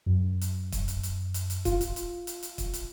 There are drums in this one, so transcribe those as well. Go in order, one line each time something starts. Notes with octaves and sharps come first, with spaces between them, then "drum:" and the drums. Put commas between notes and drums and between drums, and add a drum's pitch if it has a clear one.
F#2
drum: hi-hat
drum: kick, hi-hat
drum: hi-hat
drum: hi-hat
drum: hi-hat
drum: hi-hat
F4, drum: kick, hi-hat
drum: hi-hat
drum: hi-hat
drum: hi-hat
drum: hi-hat
drum: kick, hi-hat
drum: hi-hat